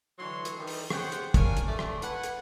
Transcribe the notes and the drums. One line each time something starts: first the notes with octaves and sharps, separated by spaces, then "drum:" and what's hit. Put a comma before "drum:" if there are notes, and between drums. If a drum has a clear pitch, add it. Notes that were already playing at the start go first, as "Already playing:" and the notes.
A2 D3 E3 F#3 C#5 C6
drum: hi-hat
D#3 E3 G3
drum: open hi-hat
G4 G#4 C5 C#5 F#5 G5, drum: rim click
drum: hi-hat
D4 G4 A#4 C#5 F5 G#5, drum: kick, hi-hat
drum: hi-hat
A3 D5
drum: rim click
B4 F#5 G#5, drum: hi-hat
drum: hi-hat